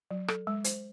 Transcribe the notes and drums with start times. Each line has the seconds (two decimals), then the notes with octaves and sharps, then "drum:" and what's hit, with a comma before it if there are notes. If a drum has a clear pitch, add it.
0.11 F#3
0.28 A4, drum: rim click
0.47 G#3
0.64 C5, drum: hi-hat